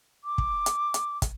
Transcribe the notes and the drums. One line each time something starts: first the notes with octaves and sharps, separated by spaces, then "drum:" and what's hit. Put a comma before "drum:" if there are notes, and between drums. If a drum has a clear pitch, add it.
D6
drum: kick
drum: hi-hat
drum: hi-hat
drum: kick, hi-hat